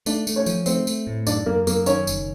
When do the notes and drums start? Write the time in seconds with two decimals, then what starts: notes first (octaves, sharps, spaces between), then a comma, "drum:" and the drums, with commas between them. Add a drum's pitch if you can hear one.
0.06 A3 D4 D5, drum: tambourine
0.27 A3, drum: tambourine
0.36 C#4 C#5
0.46 F3, drum: tambourine
0.66 A3 C4 C5, drum: tambourine
0.87 A3, drum: tambourine
1.07 A2
1.27 F#2 D4 D5, drum: tambourine
1.46 F#2 A#3 A#4
1.67 F#2 A#3 A#4, drum: tambourine
1.86 D#3 C#4 C#5, drum: tambourine
2.07 F#1, drum: tambourine